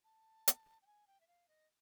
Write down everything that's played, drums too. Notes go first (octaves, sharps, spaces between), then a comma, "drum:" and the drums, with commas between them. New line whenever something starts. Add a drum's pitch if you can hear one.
A5
drum: hi-hat
G5
G#5
G5
E5
F5
D#5